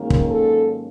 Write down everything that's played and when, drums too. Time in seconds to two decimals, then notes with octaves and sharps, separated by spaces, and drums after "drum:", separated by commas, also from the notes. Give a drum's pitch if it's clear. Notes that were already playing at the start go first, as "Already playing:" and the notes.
Already playing: G#2 D#3 F#3 A#3 C#4 A#4
0.10 drum: kick
0.31 A4